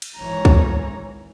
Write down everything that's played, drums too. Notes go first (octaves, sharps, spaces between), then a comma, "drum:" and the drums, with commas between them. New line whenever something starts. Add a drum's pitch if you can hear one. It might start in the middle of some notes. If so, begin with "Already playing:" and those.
drum: cymbal
G#1 G#2 E3 C#5 A#5
drum: kick